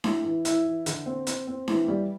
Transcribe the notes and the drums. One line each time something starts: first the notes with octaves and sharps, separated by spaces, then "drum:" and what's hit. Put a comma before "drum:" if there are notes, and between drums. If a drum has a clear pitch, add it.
E4, drum: snare D4
E3
E4, drum: hi-hat
E3
D3, drum: hi-hat
C4
C4, drum: hi-hat
C4
E3, drum: snare D4
G3